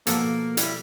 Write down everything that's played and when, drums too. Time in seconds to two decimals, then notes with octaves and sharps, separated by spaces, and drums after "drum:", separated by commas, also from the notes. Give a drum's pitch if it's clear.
0.07 B2 F3 A#3 A4, drum: hi-hat
0.57 G3 E4, drum: hi-hat